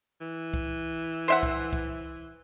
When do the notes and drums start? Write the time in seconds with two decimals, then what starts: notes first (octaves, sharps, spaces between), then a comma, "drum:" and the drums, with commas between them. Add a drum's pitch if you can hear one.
0.21 E3
0.54 drum: kick C2
1.28 C5 E5 F#5
1.43 drum: kick C2
1.73 drum: kick C2